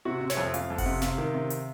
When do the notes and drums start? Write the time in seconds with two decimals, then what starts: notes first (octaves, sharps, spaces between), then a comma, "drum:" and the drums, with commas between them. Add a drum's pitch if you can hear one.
0.05 C3 F#4
0.21 C3
0.30 C#5, drum: snare
0.37 F2
0.54 F2 F5, drum: hi-hat
0.70 F2
0.78 F#5, drum: kick F#1, open hi-hat
0.86 C3
1.02 C3 F5, drum: snare
1.18 D#3
1.34 C3
1.50 drum: hi-hat